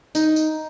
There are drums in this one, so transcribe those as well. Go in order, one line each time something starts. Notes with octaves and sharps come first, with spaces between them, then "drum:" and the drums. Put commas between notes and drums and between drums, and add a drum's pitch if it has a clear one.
D#4, drum: tambourine
drum: tambourine